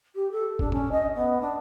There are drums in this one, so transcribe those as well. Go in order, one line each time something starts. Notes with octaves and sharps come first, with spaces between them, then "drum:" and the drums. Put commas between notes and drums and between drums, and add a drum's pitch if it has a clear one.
G4
A4
D4, drum: kick F#1
C#4, drum: tom A2
D#5
B3
D4